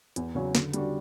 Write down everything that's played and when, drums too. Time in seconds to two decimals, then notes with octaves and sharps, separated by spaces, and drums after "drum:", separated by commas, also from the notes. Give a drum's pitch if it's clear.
0.16 E2, drum: hi-hat
0.35 C#3 F#3 C#4 F#4
0.55 D3, drum: snare
0.74 G3 D4 F#4, drum: hi-hat